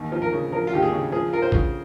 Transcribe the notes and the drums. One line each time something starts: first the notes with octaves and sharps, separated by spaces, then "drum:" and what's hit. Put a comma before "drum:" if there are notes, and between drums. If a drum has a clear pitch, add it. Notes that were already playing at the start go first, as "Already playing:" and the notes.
Already playing: D#2
F3
A#4
C#3
F3 A#4
F4
D#2 G4
G#4
C#3
F3 G#4
F4 A#4
C5
C#3, drum: kick A#1